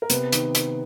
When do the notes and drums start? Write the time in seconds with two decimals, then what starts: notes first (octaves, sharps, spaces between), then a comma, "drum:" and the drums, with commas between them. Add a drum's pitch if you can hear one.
0.02 A#4
0.10 C3 B3 B4, drum: hi-hat
0.32 D#3, drum: hi-hat
0.55 drum: hi-hat